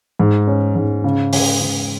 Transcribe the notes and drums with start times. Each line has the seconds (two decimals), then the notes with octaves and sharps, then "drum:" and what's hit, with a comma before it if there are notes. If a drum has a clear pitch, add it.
0.19 G#2
0.47 C#4
0.76 G#2
1.04 C#3
1.33 C#3, drum: open hi-hat
1.61 C#3